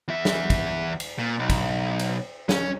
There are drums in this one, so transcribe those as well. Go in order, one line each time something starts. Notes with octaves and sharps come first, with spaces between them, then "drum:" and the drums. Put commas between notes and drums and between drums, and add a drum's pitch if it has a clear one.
E2 E5
drum: snare
drum: kick, cymbal
drum: cymbal
A#2
B1
drum: kick, cymbal
drum: cymbal
C#4, drum: snare